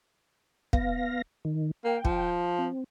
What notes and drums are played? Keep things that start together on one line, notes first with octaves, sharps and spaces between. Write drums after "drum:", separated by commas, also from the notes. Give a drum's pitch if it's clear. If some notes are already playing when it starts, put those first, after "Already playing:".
B3 F5 A#6, drum: kick
D#3
A#3 G5
F3, drum: kick
C4